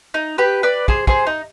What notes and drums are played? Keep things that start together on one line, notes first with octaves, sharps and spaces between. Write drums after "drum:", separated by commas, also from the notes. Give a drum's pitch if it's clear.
D#4
G4 B4
B4 D5
G#4 C5, drum: kick
G#4 C5, drum: kick
D#4